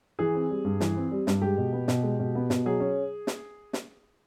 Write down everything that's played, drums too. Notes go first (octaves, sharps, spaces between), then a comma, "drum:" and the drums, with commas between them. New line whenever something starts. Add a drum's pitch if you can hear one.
E3 G#4
C4
G3
G2
E3, drum: snare
C4
G3
G2, drum: snare
G#3 G4
B2
B3
B2, drum: snare
G#3
B2
B3
B2, drum: snare
F#3 G#4
C#4
drum: snare
drum: snare